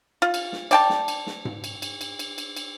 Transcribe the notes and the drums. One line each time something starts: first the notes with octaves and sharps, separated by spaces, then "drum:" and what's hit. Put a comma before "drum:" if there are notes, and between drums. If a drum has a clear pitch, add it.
F4
drum: cymbal
drum: snare
D5 G5 A5, drum: cymbal
drum: snare
drum: cymbal
drum: snare
drum: tom G#2
drum: cymbal
drum: cymbal
drum: cymbal
drum: cymbal
drum: cymbal
drum: cymbal